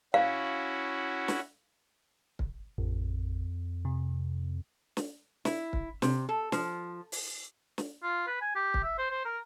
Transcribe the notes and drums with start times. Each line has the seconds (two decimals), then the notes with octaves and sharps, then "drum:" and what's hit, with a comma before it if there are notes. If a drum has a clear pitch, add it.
0.14 C#4 E4 F#4 F5
1.28 drum: snare
2.39 drum: kick
2.78 A1 F2
3.85 C3
4.97 drum: snare
5.45 E4, drum: snare
5.73 drum: kick
6.02 C3, drum: snare
6.29 A4
6.52 F3, drum: snare
7.12 drum: open hi-hat
7.78 drum: snare
8.03 F4
8.27 B4
8.42 G#5
8.56 G4
8.74 drum: kick
8.84 E5
8.98 C5
9.11 C5
9.25 A#4